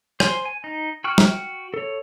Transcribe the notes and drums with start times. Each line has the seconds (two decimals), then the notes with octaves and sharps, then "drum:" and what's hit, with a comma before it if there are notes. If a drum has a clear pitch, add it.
0.20 C5 G#5 C6, drum: rim click
0.45 G#5
0.64 D#4
1.04 F#4 G5 C#6 F6 F#6
1.18 drum: snare
1.74 A4 C#5